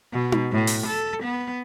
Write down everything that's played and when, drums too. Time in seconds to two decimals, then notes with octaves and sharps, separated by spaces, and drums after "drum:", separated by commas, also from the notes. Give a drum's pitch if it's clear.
0.13 B2
0.32 drum: tom D#4
0.52 A2
0.67 drum: open hi-hat
0.87 A4
1.23 B3